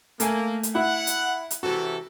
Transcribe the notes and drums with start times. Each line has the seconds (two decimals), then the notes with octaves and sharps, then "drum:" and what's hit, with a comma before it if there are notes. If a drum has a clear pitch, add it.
0.20 A3 A#3 G#5, drum: hi-hat
0.63 drum: hi-hat
0.75 E4 F#5
1.07 drum: hi-hat
1.51 drum: hi-hat
1.63 C3 E3 F#4 A4